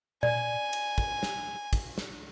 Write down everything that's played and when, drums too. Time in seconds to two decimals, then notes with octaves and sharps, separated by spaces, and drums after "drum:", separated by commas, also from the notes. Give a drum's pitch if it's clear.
0.23 D5 G#5, drum: tom A#2
0.73 drum: cymbal
0.98 drum: kick
1.23 drum: snare
1.73 drum: kick, cymbal
1.98 drum: snare